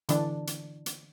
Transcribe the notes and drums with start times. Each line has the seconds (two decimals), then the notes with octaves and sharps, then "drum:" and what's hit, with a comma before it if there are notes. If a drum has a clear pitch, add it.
0.09 D3 E3 D4, drum: hi-hat
0.47 drum: hi-hat
0.86 drum: hi-hat